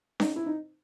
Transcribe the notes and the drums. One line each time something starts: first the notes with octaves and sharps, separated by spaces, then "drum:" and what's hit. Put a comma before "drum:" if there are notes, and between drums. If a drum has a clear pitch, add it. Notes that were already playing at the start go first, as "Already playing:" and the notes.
D#4, drum: snare C#4
E4
D#4